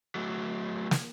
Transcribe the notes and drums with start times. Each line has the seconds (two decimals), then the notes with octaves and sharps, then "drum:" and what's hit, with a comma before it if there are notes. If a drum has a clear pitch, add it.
0.15 F#3 A3
0.91 drum: snare